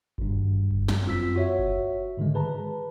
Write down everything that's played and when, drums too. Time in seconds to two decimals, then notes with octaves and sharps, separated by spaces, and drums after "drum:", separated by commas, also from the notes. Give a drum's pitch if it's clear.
0.18 G#1 G2, drum: kick F#1
0.71 drum: kick F#1
0.88 drum: snare
1.05 F#2 C4 F4 E6 B6
1.36 F#4 C#5 E5
1.59 drum: kick F#1
2.17 G#2 D3 D#3 G#3
2.34 G#4 B4 A5 A#5